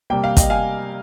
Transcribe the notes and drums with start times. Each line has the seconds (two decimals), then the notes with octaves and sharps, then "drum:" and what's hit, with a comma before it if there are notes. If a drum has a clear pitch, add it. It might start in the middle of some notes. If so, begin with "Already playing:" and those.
0.10 C3 G3 A#3 G5
0.24 F5
0.37 D#5 G5, drum: kick, hi-hat
0.50 F5 G#5